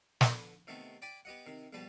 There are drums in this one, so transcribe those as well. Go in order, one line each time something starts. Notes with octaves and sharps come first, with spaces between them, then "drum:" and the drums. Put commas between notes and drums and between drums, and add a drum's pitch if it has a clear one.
D3 B4, drum: snare
C3 D#3 A3 B3
D5 G5 G#5 B5 D6
B3 G4 D#5 F#5
C3 D#3
A#1 B2 G3 B4 A5